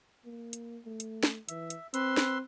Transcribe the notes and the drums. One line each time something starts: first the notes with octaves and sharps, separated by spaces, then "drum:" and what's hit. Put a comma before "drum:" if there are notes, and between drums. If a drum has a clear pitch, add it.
A#3
drum: hi-hat
A3
drum: hi-hat
drum: snare
E3 E5, drum: hi-hat
drum: hi-hat
C4 B4 C6 E6, drum: hi-hat
drum: snare